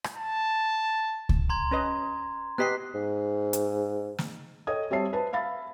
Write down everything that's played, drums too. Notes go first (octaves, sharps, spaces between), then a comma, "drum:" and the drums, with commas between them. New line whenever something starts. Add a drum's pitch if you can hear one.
drum: rim click
A5
drum: kick C#2
A#5 C6 G#6
C#4 B4 D#5
B3 G4 D#5 F#6 B6 C7
G#2
drum: hi-hat
drum: snare
A4 C#5 D#5 G5 D#6 G#6
G3 C4 C#5 E5 A5 C7
B4 C5 A5
E5 F5 B5 A6